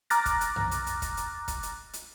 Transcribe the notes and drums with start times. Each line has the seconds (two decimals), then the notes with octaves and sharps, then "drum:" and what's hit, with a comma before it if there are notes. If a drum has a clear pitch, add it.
0.10 A#5 D6 F6 F#6 A6 A#6, drum: hi-hat
0.26 drum: kick, hi-hat
0.41 drum: hi-hat
0.56 drum: tom
0.71 drum: hi-hat
0.87 drum: hi-hat
1.02 drum: kick, hi-hat
1.17 drum: hi-hat
1.48 drum: kick, hi-hat
1.63 drum: hi-hat
1.93 drum: hi-hat